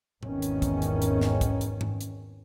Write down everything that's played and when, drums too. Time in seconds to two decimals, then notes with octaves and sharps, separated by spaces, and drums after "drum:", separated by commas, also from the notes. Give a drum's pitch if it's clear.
0.23 G#1 E2 D#3 C#4, drum: tom A2
0.42 drum: hi-hat
0.62 drum: kick, hi-hat
0.82 drum: hi-hat
1.02 drum: hi-hat
1.21 drum: snare
1.41 drum: kick, hi-hat
1.61 drum: hi-hat
1.81 drum: tom G#2
2.01 drum: hi-hat